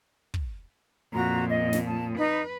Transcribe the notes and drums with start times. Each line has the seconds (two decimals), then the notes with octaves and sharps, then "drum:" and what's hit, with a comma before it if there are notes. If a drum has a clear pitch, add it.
0.34 drum: kick
1.13 F2 A#2 F#4 A#5
1.50 D#5
1.73 drum: snare
1.87 A5
2.17 D#4 B4